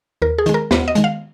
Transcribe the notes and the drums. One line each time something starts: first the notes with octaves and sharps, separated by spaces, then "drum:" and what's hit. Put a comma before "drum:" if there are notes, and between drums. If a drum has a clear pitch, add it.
D#2 A#4
G#4
D#3 G#3, drum: hi-hat
A#4
D#2 B4, drum: snare
D#5
D#3 G#3, drum: hi-hat
F5